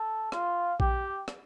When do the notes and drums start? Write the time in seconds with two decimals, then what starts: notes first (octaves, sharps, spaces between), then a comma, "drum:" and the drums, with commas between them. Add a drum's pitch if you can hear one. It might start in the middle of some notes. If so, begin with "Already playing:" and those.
Already playing: A4
0.32 F4, drum: rim click
0.80 G4, drum: kick A#1
1.28 drum: rim click